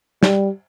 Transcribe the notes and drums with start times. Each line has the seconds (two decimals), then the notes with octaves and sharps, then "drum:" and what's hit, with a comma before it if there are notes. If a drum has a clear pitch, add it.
0.23 G3, drum: snare